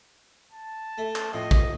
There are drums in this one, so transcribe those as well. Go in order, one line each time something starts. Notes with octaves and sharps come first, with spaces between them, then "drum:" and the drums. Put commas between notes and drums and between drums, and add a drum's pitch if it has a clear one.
A5
A3
drum: clap
F2 A2 D#5
drum: kick